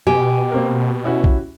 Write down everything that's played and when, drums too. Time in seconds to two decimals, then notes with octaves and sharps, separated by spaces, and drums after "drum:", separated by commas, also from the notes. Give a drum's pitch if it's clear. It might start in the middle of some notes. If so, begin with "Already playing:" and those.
0.07 B2 G4 G#5
0.52 A#3 C4 A#4
1.04 C#4 E4 F#4
1.24 drum: kick B1